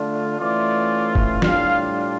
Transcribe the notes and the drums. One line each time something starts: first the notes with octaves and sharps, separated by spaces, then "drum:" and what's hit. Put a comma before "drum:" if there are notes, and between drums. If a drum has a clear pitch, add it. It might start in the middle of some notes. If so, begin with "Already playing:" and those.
Already playing: D3 A3 D4 F4
E3 A3 C#4 F4 D5
drum: kick
A2 G3 D4 F4 F5, drum: snare